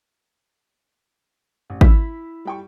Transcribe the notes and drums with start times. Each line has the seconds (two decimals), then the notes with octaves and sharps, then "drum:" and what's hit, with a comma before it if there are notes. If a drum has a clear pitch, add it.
1.70 A1
1.81 E4 E6 B6, drum: kick G#1
2.45 G3 G5 C#6